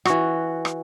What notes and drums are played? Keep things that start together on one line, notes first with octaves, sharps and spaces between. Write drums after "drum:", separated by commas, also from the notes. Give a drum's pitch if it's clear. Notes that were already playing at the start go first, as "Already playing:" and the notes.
E3 F#4, drum: rim click
drum: rim click